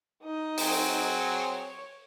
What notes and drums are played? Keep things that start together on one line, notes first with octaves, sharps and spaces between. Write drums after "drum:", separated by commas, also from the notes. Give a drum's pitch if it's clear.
D#4 D#5
F#3 C4 G#4, drum: open hi-hat
C#5